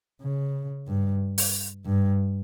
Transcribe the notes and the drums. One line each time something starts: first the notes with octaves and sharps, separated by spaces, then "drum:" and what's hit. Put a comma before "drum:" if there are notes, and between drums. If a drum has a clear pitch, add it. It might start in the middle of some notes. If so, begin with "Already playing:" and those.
C#3
G2
drum: open hi-hat
G2